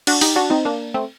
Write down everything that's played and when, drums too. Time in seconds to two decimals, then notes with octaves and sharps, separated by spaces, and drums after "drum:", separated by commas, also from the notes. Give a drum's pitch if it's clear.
0.07 D4 F#4, drum: cymbal
0.21 D#4 G4, drum: open hi-hat
0.36 D4 F#4
0.50 C4 D#4
0.65 A#3 D4
0.94 A3 C4